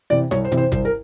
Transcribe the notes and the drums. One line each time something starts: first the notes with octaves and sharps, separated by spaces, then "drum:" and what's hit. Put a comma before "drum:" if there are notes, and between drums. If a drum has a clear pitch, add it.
C3 E3 D5
C2 C#5, drum: rim click
C5
C3 E3, drum: hi-hat
C5
C2 C5, drum: kick, hi-hat
A#4